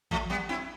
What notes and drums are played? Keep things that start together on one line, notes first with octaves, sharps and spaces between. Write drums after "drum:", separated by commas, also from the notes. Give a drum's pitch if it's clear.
F3 A3, drum: kick
G3 B3
C4 E4